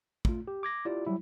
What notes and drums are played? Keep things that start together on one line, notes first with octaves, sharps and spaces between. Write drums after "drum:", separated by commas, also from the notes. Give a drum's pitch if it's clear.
A3 F4, drum: kick
G4
D6 G#6 A#6
E4 F4 G4 D5
F#3 G3 E4